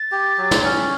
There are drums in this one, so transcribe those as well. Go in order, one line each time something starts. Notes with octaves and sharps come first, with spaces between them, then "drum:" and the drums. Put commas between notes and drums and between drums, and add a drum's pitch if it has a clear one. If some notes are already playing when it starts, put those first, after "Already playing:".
Already playing: A6
G4
F#3
drum: snare
C#4